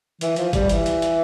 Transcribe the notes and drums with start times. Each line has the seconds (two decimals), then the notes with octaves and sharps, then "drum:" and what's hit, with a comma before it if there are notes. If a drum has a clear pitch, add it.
0.21 E3, drum: hi-hat
0.36 F3, drum: hi-hat
0.53 G3, drum: kick G1, hi-hat
0.69 E3, drum: hi-hat
0.86 drum: hi-hat
1.02 drum: hi-hat